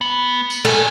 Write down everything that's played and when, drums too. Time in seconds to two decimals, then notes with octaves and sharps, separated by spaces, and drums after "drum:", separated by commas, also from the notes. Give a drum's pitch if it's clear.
0.01 B3
0.50 drum: tambourine
0.65 A4 D5 G#5, drum: cymbal